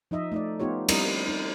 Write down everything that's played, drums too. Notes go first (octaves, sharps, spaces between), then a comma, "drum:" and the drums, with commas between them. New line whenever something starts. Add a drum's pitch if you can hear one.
F3 D#4 D#5 E5
A3 D#4 D5
B3 D#4 F4 G4 C#5
G3 C4 D4 E4 A#4 D#5, drum: cymbal
D#4